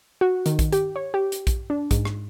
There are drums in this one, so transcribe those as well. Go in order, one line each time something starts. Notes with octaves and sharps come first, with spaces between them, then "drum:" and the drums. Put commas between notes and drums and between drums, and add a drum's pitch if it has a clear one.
F#4
D#3, drum: hi-hat
drum: kick, hi-hat
G4, drum: hi-hat
C#5
G4
drum: hi-hat
drum: kick, hi-hat
D4
G#2, drum: kick, hi-hat
drum: rim click